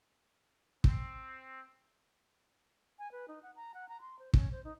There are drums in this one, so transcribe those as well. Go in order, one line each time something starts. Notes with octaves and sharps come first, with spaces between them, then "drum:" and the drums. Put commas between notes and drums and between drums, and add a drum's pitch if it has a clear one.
C4, drum: kick
G#5
B4
D#4
F#5
A#5
F#5
A#5
C6
C5
C#4, drum: kick
C5
D#4